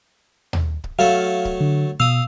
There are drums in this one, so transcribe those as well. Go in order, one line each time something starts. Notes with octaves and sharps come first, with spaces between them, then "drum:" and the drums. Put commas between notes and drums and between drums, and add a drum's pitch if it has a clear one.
drum: tom D#2
drum: kick C#1
F#3 A3 A4 F5
drum: kick C#1
D3
B2 F5 D#6 E6